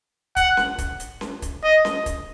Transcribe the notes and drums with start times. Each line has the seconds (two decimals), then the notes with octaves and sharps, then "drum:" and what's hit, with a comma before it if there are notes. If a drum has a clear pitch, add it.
0.36 F#5, drum: kick, hi-hat
0.57 drum: snare C#4
0.78 drum: kick, hi-hat
1.00 drum: hi-hat
1.21 drum: snare C#4
1.42 drum: kick, hi-hat
1.64 D#5
1.85 drum: snare C#4
2.06 drum: kick, hi-hat